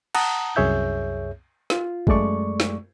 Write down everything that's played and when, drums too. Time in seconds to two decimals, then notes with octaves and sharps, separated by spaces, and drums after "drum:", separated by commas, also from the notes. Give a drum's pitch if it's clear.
0.15 F#5 A5 A#5 D#6, drum: cymbal
0.56 C2 F#2 G#4 C#5 E5 G6
1.70 F4, drum: snare
2.07 F#2 G#3 A3 D5 C#6, drum: kick
2.60 drum: snare